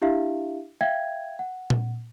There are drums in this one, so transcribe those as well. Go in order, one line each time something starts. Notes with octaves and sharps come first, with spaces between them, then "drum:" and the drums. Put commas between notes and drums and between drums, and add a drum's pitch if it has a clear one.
D4 E4 G4 E5 F5
E5 F5 G5 G#6
F#5
drum: tom A#2